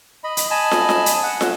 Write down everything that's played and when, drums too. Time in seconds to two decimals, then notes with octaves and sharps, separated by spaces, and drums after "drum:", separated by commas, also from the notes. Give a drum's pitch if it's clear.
0.24 D#5 B5
0.37 drum: hi-hat
0.51 D#5 G#5 A5 B5
0.71 drum: snare
0.89 drum: snare
1.06 drum: hi-hat
1.23 F#5
1.41 drum: snare